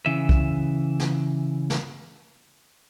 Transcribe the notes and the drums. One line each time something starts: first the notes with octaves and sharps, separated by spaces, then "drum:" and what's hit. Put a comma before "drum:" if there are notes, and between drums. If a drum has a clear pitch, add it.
C#3 E3 E5
drum: kick
drum: snare
drum: snare